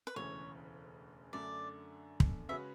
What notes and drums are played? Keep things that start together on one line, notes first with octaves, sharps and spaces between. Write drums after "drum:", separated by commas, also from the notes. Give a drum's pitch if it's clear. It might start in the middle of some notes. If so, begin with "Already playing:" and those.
B4
E1 D2 C#3 E3 C#5
F#2 D3 A3 D4 D5
drum: kick
C#3 G#3 C#4 F#4 B4 E5